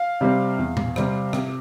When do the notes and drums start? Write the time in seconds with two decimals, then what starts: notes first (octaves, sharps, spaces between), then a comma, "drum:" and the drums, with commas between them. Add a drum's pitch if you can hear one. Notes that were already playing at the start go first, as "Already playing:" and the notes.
Already playing: F5
0.21 C3 G3 C4
0.58 E2
0.77 drum: tom A#2
0.96 C3 G3 C4, drum: rim click
1.33 C3, drum: rim click